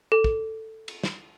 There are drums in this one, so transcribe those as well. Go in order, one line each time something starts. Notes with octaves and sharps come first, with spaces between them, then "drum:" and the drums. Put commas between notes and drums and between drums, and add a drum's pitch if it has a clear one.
A4
drum: kick
drum: cymbal
drum: snare